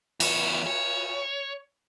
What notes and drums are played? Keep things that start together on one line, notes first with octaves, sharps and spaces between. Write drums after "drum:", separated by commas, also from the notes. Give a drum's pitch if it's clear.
E2 C#5, drum: cymbal
C#5